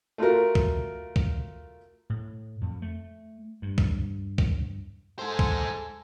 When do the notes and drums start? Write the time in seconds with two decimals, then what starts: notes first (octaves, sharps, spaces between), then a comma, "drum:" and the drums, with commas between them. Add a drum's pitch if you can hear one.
0.18 A3 F4 F#4 A#4
0.55 drum: kick
1.16 drum: kick
2.10 A2
2.61 F2
2.82 A3
3.62 G2
3.78 drum: kick
4.38 drum: kick
5.19 G#3 A4 C5 G#5
5.39 drum: kick